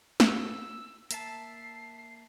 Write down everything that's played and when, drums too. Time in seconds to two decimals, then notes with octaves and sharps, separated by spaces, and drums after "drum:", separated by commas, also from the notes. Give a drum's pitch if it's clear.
0.20 E6, drum: snare
1.11 A#3 E5 A5 C7, drum: hi-hat